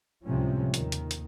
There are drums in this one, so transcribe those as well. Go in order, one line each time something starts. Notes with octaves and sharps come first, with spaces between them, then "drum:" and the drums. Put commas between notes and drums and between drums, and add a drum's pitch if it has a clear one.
C#2 A2 C3 F3 G3 C#4
D#2 D#3, drum: hi-hat
drum: hi-hat
drum: hi-hat